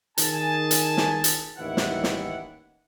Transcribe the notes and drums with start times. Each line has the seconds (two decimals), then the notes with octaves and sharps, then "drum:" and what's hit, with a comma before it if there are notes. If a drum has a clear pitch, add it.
0.18 D#3 G#4 G#5 A5, drum: hi-hat
0.71 drum: hi-hat
0.97 drum: snare
1.24 drum: hi-hat
1.58 A1 D#2 D#3 E3 E4 F#5
1.77 drum: snare
2.04 drum: snare